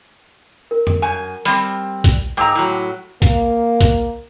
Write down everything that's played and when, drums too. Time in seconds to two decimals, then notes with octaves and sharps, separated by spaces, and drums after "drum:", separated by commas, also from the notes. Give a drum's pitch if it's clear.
0.71 A#4
0.87 drum: tom F2
1.02 F#2 G#5
1.45 G3 C4, drum: open hi-hat
2.04 drum: kick, hi-hat
2.37 G#2 G5 A#5 D6 E6
2.55 A2 F#3
3.22 A#3, drum: kick, hi-hat
3.81 drum: kick, hi-hat